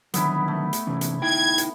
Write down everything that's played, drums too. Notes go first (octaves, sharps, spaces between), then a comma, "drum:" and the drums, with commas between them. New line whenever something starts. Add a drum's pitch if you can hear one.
D3 D#3 F#3 B3 E4 B5, drum: hi-hat
A3
drum: hi-hat
C3 E3 C#4
drum: hi-hat
D#4 E4 G5 G#6
drum: hi-hat